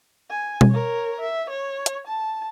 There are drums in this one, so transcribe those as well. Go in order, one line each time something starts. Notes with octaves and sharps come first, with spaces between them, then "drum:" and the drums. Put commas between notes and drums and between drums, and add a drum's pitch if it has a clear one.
G#5
drum: tom B2
A#4 C#5
E5
C#5
drum: hi-hat
A5